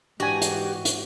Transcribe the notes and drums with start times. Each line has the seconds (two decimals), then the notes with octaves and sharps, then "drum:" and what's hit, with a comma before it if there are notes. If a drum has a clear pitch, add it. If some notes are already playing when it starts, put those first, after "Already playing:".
0.20 G#2 E3 D4 F#4 G4 G#5
0.42 drum: hi-hat
0.85 drum: hi-hat